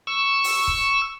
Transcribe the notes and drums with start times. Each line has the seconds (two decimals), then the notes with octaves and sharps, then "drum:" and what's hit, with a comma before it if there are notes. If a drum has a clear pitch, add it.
0.07 C#6 E6
0.44 drum: open hi-hat
0.67 drum: kick